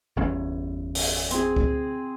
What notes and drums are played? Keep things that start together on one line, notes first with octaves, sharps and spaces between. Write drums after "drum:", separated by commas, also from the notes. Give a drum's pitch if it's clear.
G1 E2 C#4
drum: open hi-hat
C4 G#4, drum: hi-hat
drum: kick C#2